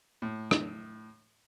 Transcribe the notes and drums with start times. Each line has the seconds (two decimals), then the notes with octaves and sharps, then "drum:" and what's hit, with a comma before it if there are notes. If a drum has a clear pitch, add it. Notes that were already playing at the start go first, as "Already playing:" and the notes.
0.22 A2
0.51 drum: rim click